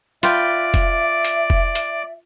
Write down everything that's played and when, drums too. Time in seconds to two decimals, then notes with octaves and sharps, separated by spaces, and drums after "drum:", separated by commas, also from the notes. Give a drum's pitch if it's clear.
0.23 F4 B4 D5 E5 G5, drum: hi-hat
0.74 drum: kick F1, hi-hat
1.25 drum: hi-hat
1.50 drum: kick F1
1.75 drum: hi-hat